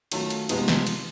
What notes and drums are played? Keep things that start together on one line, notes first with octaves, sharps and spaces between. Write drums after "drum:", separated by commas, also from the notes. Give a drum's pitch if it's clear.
D#3 F#3 A3 C#4 F4, drum: cymbal
drum: cymbal
C3 F3 G#3 B3 D#4, drum: cymbal
drum: snare
drum: cymbal